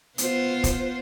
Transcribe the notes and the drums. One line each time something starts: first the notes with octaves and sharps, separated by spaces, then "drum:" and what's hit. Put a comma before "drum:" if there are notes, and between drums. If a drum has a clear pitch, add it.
B3 F4 C5, drum: hi-hat
drum: kick, hi-hat